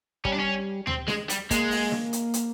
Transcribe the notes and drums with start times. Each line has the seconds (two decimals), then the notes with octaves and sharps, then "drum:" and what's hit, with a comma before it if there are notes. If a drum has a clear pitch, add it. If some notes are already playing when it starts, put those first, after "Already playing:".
0.25 G3 C#4, drum: kick
0.33 D4
0.39 C#4
0.87 C4, drum: tom D2
1.08 G#3, drum: snare
1.29 G3, drum: hi-hat
1.51 G#3 A#3, drum: kick, hi-hat
1.71 drum: open hi-hat
1.92 drum: snare
2.13 drum: hi-hat
2.34 drum: hi-hat